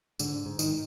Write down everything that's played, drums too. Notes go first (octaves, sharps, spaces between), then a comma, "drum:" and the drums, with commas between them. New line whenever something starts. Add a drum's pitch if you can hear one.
G#2 D3, drum: tambourine
G#2
D#3, drum: tambourine